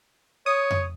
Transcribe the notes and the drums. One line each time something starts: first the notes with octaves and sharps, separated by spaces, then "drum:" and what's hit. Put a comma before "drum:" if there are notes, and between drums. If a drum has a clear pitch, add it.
C#5 D#6
drum: tom F2